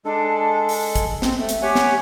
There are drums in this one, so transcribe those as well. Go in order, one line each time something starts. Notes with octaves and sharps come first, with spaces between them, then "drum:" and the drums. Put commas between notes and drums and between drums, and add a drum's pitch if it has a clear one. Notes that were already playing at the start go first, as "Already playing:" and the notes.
G#3 D4 A4
drum: open hi-hat
drum: kick, hi-hat
C4, drum: snare
A3
drum: hi-hat
G4 C#5 F#5 G#5
drum: snare